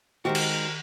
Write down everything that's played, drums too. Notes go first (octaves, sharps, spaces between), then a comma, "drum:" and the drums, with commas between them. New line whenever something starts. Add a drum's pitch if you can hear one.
D#3 G#3 D#4 F#4 G4 A#4 C5
drum: cymbal